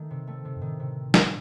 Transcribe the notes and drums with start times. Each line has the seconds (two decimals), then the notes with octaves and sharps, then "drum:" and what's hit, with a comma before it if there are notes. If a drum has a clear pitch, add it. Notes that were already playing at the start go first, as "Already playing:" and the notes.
Already playing: D#3 A3
0.11 C3
0.27 A3
0.45 C3
0.56 F#2
0.61 A2 D#3
0.80 C3
1.14 drum: snare